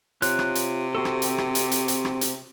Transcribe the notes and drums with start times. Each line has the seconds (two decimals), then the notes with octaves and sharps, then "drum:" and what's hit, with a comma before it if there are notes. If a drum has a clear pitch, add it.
0.22 C3 F4 C#5 F#6, drum: hi-hat
0.39 drum: rim click
0.55 drum: hi-hat
0.95 C4 F#4 A4
1.05 drum: rim click
1.22 drum: hi-hat
1.38 drum: rim click
1.55 drum: hi-hat
1.71 drum: hi-hat
1.88 drum: hi-hat
2.05 drum: rim click
2.21 drum: hi-hat